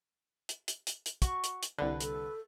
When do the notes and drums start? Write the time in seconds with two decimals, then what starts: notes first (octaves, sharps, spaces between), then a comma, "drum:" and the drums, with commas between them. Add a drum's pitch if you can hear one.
0.49 drum: hi-hat
0.68 drum: hi-hat
0.87 drum: hi-hat
1.06 drum: hi-hat
1.22 F#4 C#6, drum: kick, hi-hat
1.44 drum: hi-hat
1.63 drum: hi-hat
1.78 C2 D3 B4
2.00 A4, drum: hi-hat